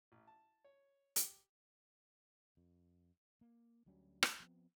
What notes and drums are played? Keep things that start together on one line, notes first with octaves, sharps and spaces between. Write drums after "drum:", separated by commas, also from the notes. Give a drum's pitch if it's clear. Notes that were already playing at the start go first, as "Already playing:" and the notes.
A1
A5
C#5
G4, drum: hi-hat
F2
A#3
D2 F#3 G3 C#4
drum: rim click
F3 B3 C4